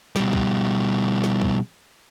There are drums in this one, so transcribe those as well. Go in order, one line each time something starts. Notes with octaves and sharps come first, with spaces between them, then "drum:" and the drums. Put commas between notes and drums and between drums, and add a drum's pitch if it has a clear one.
B2 G3, drum: snare
drum: kick
drum: snare
drum: kick